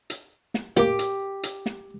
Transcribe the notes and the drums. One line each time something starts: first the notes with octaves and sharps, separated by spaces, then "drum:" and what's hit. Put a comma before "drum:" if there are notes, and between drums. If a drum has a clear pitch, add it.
drum: hi-hat
drum: snare
A1 A#3 G4 D6
drum: hi-hat
drum: hi-hat
drum: snare